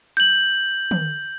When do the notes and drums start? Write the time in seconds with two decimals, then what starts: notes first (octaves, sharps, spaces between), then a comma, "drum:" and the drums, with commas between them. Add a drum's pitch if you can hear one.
0.17 G6 F#7
0.91 drum: tom